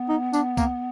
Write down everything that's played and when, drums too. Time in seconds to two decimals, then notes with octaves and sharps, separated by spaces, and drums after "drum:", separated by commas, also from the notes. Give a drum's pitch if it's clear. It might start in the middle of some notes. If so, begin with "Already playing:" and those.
Already playing: B3
0.09 D#4
0.33 D4, drum: tambourine
0.57 A#3, drum: kick C2, tambourine